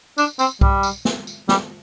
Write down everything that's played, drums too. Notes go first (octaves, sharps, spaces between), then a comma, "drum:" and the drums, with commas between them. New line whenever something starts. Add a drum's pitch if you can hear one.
D4, drum: tambourine
C4, drum: tambourine
G3, drum: kick B1
drum: tambourine
drum: snare
drum: tambourine
G3, drum: snare